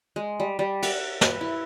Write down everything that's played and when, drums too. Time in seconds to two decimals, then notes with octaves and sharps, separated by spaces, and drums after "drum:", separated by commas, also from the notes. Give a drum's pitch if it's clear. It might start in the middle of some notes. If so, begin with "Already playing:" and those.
0.16 G#3
0.40 G3
0.59 G3
0.83 F#5, drum: cymbal
1.21 B4, drum: snare
1.41 E4